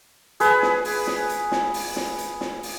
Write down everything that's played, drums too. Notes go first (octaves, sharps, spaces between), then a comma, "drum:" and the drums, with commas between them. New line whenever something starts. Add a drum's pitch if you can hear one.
G#4 B4, drum: hi-hat
drum: snare
drum: open hi-hat
drum: snare
drum: hi-hat
drum: snare
drum: open hi-hat
drum: snare
drum: hi-hat
drum: snare
drum: open hi-hat